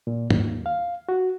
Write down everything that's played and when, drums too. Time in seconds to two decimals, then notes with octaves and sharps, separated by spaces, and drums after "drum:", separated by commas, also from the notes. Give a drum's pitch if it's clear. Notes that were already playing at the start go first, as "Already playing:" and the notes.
0.07 A#2
0.30 D#2, drum: tom G#2
0.66 F5
1.09 F#4